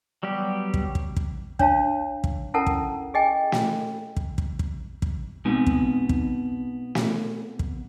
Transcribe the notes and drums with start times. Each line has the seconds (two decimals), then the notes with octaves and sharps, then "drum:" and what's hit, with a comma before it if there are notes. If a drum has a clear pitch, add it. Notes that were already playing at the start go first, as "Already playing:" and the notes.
0.23 F#3 G3 B3 G4
0.74 drum: kick
0.95 drum: kick
1.16 drum: kick
1.59 D4 C#5 F5 A5, drum: kick
2.24 drum: kick
2.54 C#4 E4 A4 A#4 F#5 A5
2.66 drum: kick
3.14 G#4 D#5 G5 G#5
3.52 drum: snare
4.16 drum: kick
4.38 drum: kick
4.59 drum: kick
5.02 drum: kick
5.45 B2 G#3 B3 C4 D#4 G#5
5.66 drum: kick
6.09 drum: kick
6.95 drum: snare
7.59 drum: kick